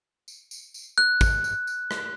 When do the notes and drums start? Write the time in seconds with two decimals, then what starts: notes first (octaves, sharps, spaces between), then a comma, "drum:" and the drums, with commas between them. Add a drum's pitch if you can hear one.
0.28 drum: tambourine
0.51 drum: tambourine
0.74 drum: tambourine
0.98 F#6
1.21 drum: kick, tambourine
1.44 drum: tambourine
1.67 drum: tambourine
1.91 drum: rim click